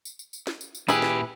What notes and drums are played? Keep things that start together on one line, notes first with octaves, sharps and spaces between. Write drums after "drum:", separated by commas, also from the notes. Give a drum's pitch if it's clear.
drum: tambourine
drum: tambourine
drum: tambourine
drum: snare
drum: tambourine
drum: tambourine
A#2 E4 G4 G#4 B4, drum: tambourine
drum: snare